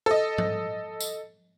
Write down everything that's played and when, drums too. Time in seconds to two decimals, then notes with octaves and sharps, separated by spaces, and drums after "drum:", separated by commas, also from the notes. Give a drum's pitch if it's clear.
0.06 A4 D#5
0.38 drum: tom G#2
1.00 drum: tambourine